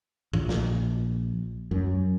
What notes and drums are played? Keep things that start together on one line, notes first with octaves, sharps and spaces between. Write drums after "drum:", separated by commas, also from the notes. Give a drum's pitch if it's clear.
A#1, drum: kick
drum: snare
F#2